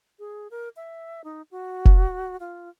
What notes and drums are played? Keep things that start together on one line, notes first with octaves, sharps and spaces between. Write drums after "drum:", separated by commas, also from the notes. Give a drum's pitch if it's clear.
G#4
A#4
E5
D#4
F#4
drum: kick F1
F4